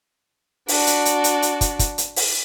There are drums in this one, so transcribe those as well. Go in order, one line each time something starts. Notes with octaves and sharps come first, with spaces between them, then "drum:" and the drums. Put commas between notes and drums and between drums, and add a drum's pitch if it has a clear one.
D4 F#4, drum: open hi-hat
drum: hi-hat
drum: hi-hat
drum: hi-hat
drum: hi-hat
drum: kick, hi-hat
drum: kick, hi-hat
drum: hi-hat
drum: open hi-hat